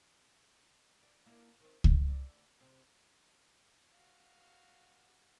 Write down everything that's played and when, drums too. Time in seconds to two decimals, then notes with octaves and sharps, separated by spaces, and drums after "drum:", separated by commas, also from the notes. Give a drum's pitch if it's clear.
1.03 D5
1.26 A#3 D4 E4
1.60 D#3 C4
1.84 E4, drum: kick C#2
2.08 D2 D3 D5
2.61 C3 C4
3.93 F#4 F5